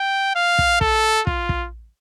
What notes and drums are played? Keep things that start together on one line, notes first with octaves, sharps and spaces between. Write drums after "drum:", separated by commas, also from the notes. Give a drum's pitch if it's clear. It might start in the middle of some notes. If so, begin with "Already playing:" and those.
Already playing: G5
F5
drum: kick
A4, drum: kick
F4, drum: kick
drum: kick